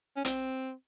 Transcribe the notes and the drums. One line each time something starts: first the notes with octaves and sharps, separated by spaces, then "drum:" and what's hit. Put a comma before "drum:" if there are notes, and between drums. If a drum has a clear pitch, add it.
C#4
C4, drum: hi-hat